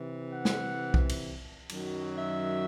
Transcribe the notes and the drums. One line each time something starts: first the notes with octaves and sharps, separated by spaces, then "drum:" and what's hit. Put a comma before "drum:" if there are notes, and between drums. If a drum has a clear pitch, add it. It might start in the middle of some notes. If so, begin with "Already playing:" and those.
Already playing: C3 E3
F#5
drum: snare
drum: kick B1
drum: cymbal
F#2 D#3 F#3, drum: cymbal
E5